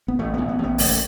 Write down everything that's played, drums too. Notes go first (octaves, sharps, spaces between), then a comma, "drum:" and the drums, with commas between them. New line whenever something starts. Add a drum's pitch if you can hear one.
B3
A1 A3
A1 B3
B3
A1 B3
F#1 A3, drum: open hi-hat